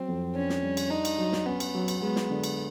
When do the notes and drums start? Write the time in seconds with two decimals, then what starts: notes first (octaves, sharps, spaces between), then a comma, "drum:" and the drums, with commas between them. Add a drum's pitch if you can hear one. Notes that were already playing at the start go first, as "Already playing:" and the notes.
Already playing: F#3 C4
0.08 F2
0.35 C#4 D4
0.49 drum: snare
0.63 G3
0.77 drum: cymbal
0.90 D4 D#4
1.05 drum: cymbal
1.18 F#3
1.33 drum: snare
1.46 B3 C#4
1.60 drum: cymbal
1.74 F#3
1.88 drum: cymbal
2.01 G#3 B3
2.16 drum: snare
2.30 D3
2.44 drum: cymbal